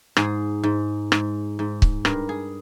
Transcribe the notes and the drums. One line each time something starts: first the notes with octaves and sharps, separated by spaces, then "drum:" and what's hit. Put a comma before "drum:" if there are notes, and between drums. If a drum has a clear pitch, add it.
G#2 G#4, drum: rim click
G#2
G#2, drum: rim click
G#2
drum: kick C#1
G2 A#4, drum: rim click
G#4